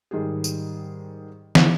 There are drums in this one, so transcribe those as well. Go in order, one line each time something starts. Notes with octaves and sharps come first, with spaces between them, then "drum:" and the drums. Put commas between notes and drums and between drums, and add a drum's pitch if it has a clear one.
G#2 D#3 G3 G4 G#4
drum: tambourine
drum: snare